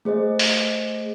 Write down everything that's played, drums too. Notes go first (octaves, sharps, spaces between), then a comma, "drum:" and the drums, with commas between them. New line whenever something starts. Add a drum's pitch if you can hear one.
A3 G#4 C5 D#5
drum: open hi-hat